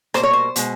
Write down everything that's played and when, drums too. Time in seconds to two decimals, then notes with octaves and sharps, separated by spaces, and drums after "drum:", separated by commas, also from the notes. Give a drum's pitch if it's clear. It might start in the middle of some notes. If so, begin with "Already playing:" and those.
0.14 B2 G3 A#3 C5, drum: rim click
0.23 C#5
0.33 C5
0.56 B2 G#3, drum: hi-hat